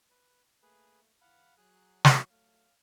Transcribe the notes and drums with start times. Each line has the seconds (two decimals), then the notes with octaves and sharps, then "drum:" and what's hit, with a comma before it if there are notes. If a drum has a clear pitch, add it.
0.10 B4
0.62 A3 A#3 G#4 B4
1.22 G#2 E3 F5 F#5 B5
1.57 F#3 G#4 F#6
2.05 drum: snare
2.30 F#3 A3 F5